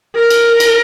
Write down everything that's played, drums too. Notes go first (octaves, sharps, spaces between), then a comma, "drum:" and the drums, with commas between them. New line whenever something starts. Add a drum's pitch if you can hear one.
A#4
drum: cymbal
drum: cymbal